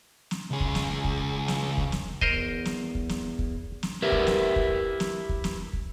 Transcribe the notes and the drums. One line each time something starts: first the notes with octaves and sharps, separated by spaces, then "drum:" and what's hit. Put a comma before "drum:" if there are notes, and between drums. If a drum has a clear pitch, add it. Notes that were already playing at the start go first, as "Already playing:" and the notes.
drum: snare
C#2 G#4
drum: kick
drum: snare
drum: kick
drum: snare
drum: kick
drum: snare
E2 A#4 C5 D#5, drum: kick
drum: snare
drum: kick
drum: snare
drum: kick
drum: snare
E4 G4 A#4 B4 E5
drum: kick
drum: snare
drum: kick
drum: snare
drum: kick
drum: snare
drum: kick